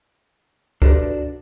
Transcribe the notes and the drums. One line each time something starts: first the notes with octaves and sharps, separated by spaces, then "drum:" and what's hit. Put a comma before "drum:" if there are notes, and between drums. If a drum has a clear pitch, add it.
D4 F#4 G4 A4 B4 D5, drum: kick